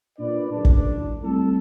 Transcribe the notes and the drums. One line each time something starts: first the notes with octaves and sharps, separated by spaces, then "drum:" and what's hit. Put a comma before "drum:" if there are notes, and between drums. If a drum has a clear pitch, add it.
A#2 D4 B4 D5
F#1 D4
drum: kick
G3 A3 C4 E4 A4